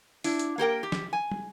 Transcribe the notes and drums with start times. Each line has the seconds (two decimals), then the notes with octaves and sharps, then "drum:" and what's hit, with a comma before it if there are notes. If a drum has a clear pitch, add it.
0.24 D4 E4, drum: open hi-hat
0.39 drum: hi-hat
0.58 A#3 G4 A#4 G5
0.83 G4
0.92 drum: snare
1.13 G#5
1.32 drum: tom